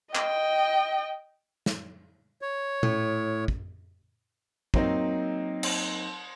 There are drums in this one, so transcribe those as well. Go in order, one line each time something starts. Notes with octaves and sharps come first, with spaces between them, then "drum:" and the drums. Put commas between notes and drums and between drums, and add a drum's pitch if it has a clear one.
D#5 G5, drum: clap
drum: snare
C#5
A2, drum: tom A#2
drum: kick
F#3 A#3 C4 D#4, drum: kick
drum: cymbal